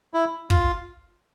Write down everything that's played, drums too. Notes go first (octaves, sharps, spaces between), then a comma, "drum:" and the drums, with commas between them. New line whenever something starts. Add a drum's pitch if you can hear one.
E4
F4, drum: kick